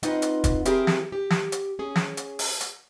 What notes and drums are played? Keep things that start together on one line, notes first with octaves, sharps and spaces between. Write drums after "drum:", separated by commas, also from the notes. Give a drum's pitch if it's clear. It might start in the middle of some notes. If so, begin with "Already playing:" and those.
C4 D#4 F4 B4 D#5 F#5, drum: hi-hat
drum: hi-hat
drum: kick, hi-hat
C4 E4 G4 G#4 A#4, drum: hi-hat
drum: snare
G4
drum: snare
drum: hi-hat
C#4 G#4
drum: snare
drum: hi-hat
drum: open hi-hat
drum: hi-hat